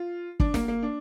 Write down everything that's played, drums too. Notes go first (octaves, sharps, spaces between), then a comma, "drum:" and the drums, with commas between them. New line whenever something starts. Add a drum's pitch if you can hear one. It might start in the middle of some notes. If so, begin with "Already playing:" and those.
Already playing: F4
D4, drum: kick F#1
A#3, drum: snare
A#3
D4